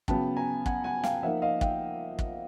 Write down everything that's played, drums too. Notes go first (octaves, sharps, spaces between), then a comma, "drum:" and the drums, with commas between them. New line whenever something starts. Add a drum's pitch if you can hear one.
C#3 F#3 B3 G5 A5, drum: kick
G#5 A#5
F#5 G#5, drum: kick
F#5 G#5
F5 G5, drum: snare
F3 A#3 D#4 E5 F#5
D#5 F5
F5 G5, drum: kick
drum: kick